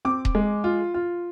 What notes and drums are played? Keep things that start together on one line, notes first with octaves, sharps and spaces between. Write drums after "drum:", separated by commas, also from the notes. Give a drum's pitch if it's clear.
C4 D6
drum: kick D#1
G#3
F4
F4